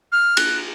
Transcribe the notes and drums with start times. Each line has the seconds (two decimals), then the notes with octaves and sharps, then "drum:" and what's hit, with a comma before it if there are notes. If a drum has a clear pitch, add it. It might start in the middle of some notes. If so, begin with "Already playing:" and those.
0.12 F6
0.37 F#6, drum: cymbal